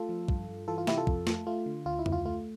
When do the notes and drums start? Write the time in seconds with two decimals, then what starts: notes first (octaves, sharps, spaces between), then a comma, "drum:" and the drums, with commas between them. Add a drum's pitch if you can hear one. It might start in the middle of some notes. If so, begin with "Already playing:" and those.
Already playing: A3 F4 A4
0.09 F3
0.28 G2, drum: kick
0.48 G2
0.68 E3 F4 A4
0.78 F4
0.87 C3 E4 G4, drum: snare
0.97 F4 A4
1.07 F2, drum: kick
1.27 A3, drum: snare
1.47 A3 F4
1.66 D3
1.86 D2 F4
1.99 E4
2.06 D2, drum: tom F2
2.12 F4
2.26 A3 F4